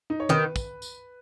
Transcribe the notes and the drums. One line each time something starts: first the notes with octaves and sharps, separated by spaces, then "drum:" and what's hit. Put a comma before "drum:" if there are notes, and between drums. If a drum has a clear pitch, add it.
D#4
C#5
D#3 B4, drum: tom D#3
drum: kick, tambourine
drum: tambourine